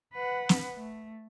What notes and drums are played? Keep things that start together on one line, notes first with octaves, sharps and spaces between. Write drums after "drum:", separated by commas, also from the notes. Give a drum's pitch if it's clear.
B4 F#5
drum: snare
A3